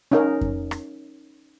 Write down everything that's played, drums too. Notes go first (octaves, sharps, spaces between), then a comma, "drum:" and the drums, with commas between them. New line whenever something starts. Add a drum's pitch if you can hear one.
C#4 D#4 A#4
drum: kick F2
drum: rim click